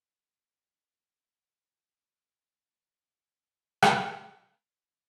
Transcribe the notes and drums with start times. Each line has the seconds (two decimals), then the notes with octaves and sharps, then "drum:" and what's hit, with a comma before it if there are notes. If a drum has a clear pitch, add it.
0.21 G2 C3 A#3 F5
0.41 F6
0.71 A#3
0.84 E4 F#4 G4 C5 E5 G5
1.11 E5 E6
2.42 G6 A6
2.95 C5
3.82 drum: rim click
4.36 C5